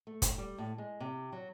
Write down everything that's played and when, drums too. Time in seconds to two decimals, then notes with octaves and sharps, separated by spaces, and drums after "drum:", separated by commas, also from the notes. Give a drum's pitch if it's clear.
0.07 A3
0.22 drum: kick, hi-hat
0.38 G3
0.58 A2
0.78 G#3
1.00 C3
1.33 F#3